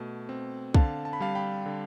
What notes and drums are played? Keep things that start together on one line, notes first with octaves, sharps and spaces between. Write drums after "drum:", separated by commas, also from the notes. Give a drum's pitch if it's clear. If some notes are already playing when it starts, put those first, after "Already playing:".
Already playing: B2 A3
C4
D3 F5 A5, drum: kick
A5
B5
G3 F5 A5
G5 B5
D3